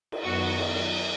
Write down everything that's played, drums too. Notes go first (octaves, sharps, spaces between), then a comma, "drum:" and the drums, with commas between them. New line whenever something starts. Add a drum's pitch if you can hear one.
drum: cymbal
F#2 D#3 F#3 B3 F#4
drum: cymbal